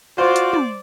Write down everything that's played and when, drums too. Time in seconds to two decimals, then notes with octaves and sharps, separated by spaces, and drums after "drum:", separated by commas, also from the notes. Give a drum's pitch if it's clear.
0.18 F4 F#4 C5 D5
0.36 drum: hi-hat
0.53 drum: tom